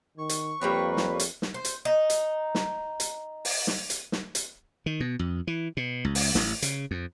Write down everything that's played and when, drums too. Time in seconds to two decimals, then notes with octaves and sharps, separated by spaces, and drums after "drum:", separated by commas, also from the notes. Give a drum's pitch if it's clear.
0.17 D#3 C#6
0.29 drum: hi-hat
0.61 F2 G3 A#3 B4 C#5
0.97 drum: snare
1.20 drum: hi-hat
1.42 drum: snare
1.54 C5
1.65 drum: hi-hat
1.85 D#4
2.10 drum: hi-hat
2.55 drum: snare
3.00 drum: hi-hat
3.45 drum: open hi-hat
3.67 drum: snare
3.90 drum: hi-hat
4.12 drum: snare
4.35 drum: hi-hat
4.86 D#3
5.00 B2
5.19 F2
5.47 E3
5.77 B2
6.05 C#2
6.15 drum: open hi-hat
6.35 A1, drum: snare
6.62 C#3, drum: hi-hat
6.91 F2